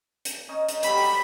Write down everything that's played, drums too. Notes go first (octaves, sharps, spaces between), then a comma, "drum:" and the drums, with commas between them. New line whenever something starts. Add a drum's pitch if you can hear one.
drum: hi-hat
C#4 D#4 D#5
drum: hi-hat
F#3 G3 A4 B5, drum: hi-hat
drum: open hi-hat